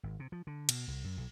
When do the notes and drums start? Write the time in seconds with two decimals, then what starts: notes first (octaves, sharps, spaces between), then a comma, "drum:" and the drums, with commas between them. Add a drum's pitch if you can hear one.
0.03 G#1
0.20 C3
0.32 F3
0.47 D3
0.69 B2, drum: cymbal
0.88 C2
1.04 F#2
1.17 B1